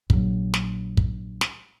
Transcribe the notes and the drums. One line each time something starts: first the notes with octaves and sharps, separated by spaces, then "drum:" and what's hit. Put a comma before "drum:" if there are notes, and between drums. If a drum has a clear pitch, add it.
A#1 F#3, drum: kick
drum: snare
drum: kick
drum: snare